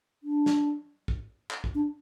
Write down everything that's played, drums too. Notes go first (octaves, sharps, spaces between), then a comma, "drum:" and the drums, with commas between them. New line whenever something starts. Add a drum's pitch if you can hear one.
D4
drum: snare
drum: kick
drum: clap
drum: kick
D4